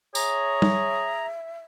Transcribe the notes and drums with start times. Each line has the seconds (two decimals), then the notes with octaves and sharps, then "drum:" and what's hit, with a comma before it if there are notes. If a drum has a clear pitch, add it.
0.15 G#4 C#5 E5 A#5, drum: tambourine
0.62 drum: tom G3